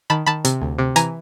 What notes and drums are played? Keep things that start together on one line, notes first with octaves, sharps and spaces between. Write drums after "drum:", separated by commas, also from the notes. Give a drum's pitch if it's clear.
D#3 A5 B5
D#3 A5 B5
C3, drum: hi-hat
D2
C3
E3 G#5 A#5, drum: hi-hat